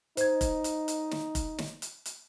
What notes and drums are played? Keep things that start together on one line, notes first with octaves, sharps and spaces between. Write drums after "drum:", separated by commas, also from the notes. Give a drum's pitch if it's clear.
D#4 C5 G#6, drum: hi-hat
drum: kick F1, hi-hat
drum: hi-hat
drum: hi-hat
drum: snare
drum: kick F1, hi-hat
drum: snare
drum: hi-hat
drum: hi-hat